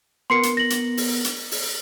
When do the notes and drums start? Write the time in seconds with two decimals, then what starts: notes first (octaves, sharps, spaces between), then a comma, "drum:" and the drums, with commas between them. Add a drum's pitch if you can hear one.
0.30 B3 A#4 C6 C7 C#7
0.43 drum: hi-hat
0.57 A#6 F#7
0.70 drum: hi-hat
0.97 drum: open hi-hat
1.24 drum: hi-hat
1.51 drum: open hi-hat